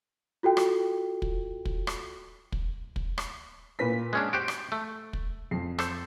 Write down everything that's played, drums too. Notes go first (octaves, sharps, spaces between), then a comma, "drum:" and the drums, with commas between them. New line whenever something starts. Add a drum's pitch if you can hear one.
F4 F#4 A4 G5
drum: rim click
drum: kick
drum: kick
drum: rim click
drum: kick
drum: kick
drum: rim click
A#2 B4 B6
G#3 C#4 D4
F#4 G4 C5 D7
drum: rim click
A3
drum: kick
F2 C7
A4 C5, drum: rim click